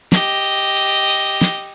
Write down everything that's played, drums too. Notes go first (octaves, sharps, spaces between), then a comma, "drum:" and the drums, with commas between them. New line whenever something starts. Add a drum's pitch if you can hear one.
G4 D#5, drum: snare
drum: cymbal
drum: cymbal
drum: cymbal
drum: snare